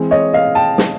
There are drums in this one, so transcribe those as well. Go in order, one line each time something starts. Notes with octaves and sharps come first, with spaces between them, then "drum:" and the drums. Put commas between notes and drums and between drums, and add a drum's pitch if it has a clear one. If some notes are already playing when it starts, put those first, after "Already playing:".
Already playing: E3 G#3 C4
C#5 D#5
D#5 F5
G5 A5
drum: snare